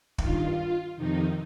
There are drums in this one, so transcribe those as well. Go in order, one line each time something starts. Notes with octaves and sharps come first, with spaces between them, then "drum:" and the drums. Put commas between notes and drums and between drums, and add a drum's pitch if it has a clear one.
G2 D#3 F4, drum: kick
F2 C3 D#3 D#4